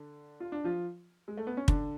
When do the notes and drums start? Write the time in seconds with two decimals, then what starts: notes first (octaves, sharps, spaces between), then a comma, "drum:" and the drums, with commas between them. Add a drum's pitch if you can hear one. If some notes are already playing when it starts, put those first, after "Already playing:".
Already playing: D3 D4
0.40 F4
0.52 D4
0.64 F3 F4
1.28 G#3
1.37 A3
1.47 B3
1.57 C#4
1.68 D3 D4, drum: kick